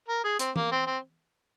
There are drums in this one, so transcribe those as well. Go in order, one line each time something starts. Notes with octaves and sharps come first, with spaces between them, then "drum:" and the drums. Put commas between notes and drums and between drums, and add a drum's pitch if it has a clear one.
A#4
G#4
C4, drum: hi-hat
A#3, drum: tom E3
C4
C4